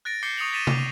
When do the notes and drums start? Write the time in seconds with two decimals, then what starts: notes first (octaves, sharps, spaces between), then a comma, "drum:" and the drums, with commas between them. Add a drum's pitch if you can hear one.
0.05 F#6 A6 A#6 D7
0.23 D6 G6 C7 C#7 G7
0.37 C#6 D#6 C#7 F7 F#7
0.52 A6 B6 D#7 E7
0.67 D6, drum: tom C3